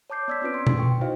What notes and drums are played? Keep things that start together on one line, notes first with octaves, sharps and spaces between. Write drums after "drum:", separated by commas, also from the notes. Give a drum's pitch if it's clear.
C#5 A5 D6 G6 C7
B3 D5 E6 G#6 B6
C4 C#4 F4 B4 D7
C6
drum: tom B2
G5 C#6
D#4 E4 F#4 C5 D#5 F5